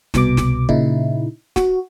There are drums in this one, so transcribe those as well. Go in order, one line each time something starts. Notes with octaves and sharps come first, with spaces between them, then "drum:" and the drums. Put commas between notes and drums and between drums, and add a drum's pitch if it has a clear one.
C2 B2 D6, drum: snare
drum: snare
A#2 C#3 D#4 E4, drum: kick
F#4, drum: snare